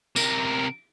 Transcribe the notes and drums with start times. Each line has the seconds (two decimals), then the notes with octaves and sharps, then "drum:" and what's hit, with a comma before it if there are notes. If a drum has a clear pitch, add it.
0.16 C3 A#4, drum: tambourine